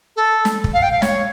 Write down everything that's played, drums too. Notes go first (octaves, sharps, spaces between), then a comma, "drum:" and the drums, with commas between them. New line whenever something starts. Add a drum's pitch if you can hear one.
A4
drum: snare
drum: kick
F5
G5
F5
C#5, drum: snare